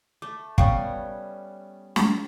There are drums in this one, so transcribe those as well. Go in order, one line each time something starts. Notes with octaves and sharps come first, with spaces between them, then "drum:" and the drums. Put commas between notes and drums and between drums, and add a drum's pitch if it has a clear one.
A3 D6
G3 B3 C#4 F5 G5 C#6, drum: kick
drum: snare